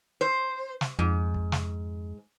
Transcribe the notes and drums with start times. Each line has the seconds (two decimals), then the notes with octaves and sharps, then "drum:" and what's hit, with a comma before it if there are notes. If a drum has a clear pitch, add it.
0.21 C5
0.81 drum: snare
0.99 F2 G#2
1.34 drum: kick
1.52 drum: snare